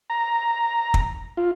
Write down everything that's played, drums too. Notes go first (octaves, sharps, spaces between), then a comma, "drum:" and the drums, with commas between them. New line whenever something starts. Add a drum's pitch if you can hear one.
A#5
drum: kick
F4